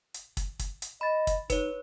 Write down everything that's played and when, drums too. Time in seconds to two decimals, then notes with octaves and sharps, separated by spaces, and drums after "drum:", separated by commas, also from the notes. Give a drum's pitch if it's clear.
0.14 drum: hi-hat
0.37 drum: kick, hi-hat
0.59 drum: kick, hi-hat
0.82 drum: hi-hat
1.01 D#5 B5 A6
1.27 drum: kick, hi-hat
1.50 D#4 B4 C#5, drum: kick, hi-hat